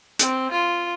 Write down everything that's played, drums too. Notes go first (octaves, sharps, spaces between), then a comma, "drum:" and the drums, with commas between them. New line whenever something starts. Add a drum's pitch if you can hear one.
C4, drum: hi-hat
F4